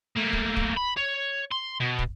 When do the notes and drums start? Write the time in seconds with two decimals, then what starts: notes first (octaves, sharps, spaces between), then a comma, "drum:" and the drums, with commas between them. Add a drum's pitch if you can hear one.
0.17 A3 A#3
0.33 drum: kick
0.57 drum: kick
0.77 B5
0.97 C#5
1.51 C6
1.80 B2
1.99 drum: kick